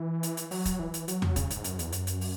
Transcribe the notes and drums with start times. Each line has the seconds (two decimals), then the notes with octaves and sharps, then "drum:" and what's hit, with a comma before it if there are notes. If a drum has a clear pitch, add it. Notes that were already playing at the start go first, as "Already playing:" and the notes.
Already playing: E3
0.23 drum: hi-hat
0.37 drum: hi-hat
0.51 F#3, drum: open hi-hat
0.65 drum: kick, hi-hat
0.79 E3
0.94 drum: hi-hat
1.08 F#3, drum: hi-hat
1.22 drum: tom E2
1.36 C#3, drum: kick, hi-hat
1.50 G#2, drum: hi-hat
1.64 F#2, drum: hi-hat
1.79 E2, drum: hi-hat
1.92 F#2, drum: hi-hat
2.07 drum: hi-hat
2.21 drum: open hi-hat